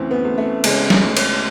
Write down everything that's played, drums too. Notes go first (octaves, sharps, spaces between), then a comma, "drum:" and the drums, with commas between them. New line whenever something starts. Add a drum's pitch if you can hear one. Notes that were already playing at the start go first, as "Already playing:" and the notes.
Already playing: D2 C#3 E3 C4 C#4
B3
D2
A3
C#3 G#3, drum: cymbal
drum: snare
D2
drum: cymbal